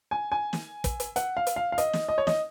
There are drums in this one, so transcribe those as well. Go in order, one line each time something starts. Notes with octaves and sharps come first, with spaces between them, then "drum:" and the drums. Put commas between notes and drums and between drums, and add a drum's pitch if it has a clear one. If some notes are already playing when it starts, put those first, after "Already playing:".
G#5
G#5
drum: snare
drum: kick, hi-hat
drum: hi-hat
F#5, drum: hi-hat
F5
drum: hi-hat
F5
F5
D#5, drum: hi-hat
drum: snare
D#5
C#5
D#5, drum: snare